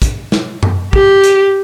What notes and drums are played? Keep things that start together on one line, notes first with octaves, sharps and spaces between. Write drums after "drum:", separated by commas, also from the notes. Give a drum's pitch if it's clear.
drum: kick, hi-hat
drum: snare
drum: tom F#2
G4, drum: kick
drum: hi-hat